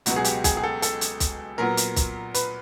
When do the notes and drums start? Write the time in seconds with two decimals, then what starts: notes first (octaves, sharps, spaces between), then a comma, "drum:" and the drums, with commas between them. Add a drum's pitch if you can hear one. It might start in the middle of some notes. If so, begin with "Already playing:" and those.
0.06 C#2 B2 F#3 B3 F#4, drum: hi-hat
0.16 G#4
0.24 G4, drum: hi-hat
0.44 G#4, drum: kick, hi-hat
0.57 G#4
0.63 A4
0.82 A4, drum: hi-hat
1.01 drum: hi-hat
1.20 drum: kick, hi-hat
1.58 A#2 F#3 B3 A#4
1.77 drum: hi-hat
1.96 drum: kick, hi-hat
2.34 B4, drum: hi-hat